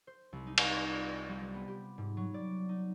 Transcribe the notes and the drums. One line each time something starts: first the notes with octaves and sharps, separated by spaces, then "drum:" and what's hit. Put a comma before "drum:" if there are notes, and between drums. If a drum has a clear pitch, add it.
C5
C2
D#4
drum: cymbal
D5
F4
G3
B3
G4
G#2
F#3
D5
D#4